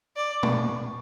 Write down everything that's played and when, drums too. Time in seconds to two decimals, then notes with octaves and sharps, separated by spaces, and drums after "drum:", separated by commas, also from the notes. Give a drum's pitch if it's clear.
0.16 D5 D6
0.43 C#6, drum: tom